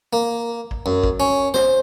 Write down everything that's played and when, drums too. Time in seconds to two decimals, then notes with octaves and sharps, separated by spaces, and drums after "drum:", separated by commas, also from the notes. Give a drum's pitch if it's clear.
0.13 A#3
0.71 drum: kick A1
0.86 F#2
1.03 drum: kick A1
1.20 C#4
1.54 C5, drum: snare